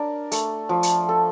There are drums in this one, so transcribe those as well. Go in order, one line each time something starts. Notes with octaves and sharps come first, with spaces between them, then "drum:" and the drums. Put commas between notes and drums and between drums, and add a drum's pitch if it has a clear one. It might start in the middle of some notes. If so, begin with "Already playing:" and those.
Already playing: D4 A#4
A3, drum: hi-hat
F3
drum: hi-hat
A4